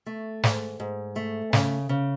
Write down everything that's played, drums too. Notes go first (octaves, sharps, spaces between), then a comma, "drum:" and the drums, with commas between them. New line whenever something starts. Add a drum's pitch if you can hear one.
A3
G#2, drum: snare
G#2
A3
C#3, drum: snare
C#3